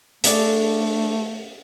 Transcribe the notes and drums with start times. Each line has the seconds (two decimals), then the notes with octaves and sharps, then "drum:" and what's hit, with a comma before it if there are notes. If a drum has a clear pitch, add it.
0.24 A3 D4 G#4 A4, drum: hi-hat